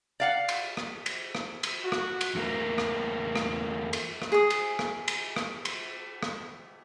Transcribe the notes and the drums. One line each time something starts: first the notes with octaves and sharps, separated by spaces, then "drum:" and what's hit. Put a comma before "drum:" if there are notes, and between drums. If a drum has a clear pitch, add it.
D5 F5 F#5
drum: cymbal
drum: rim click
drum: cymbal
drum: rim click
drum: cymbal
F#4
drum: rim click
drum: cymbal
E2 A3 A#3 A#4
drum: rim click
drum: rim click
drum: cymbal
drum: rim click
G#4 D#6
drum: cymbal
drum: rim click
drum: cymbal
drum: rim click
drum: cymbal
drum: rim click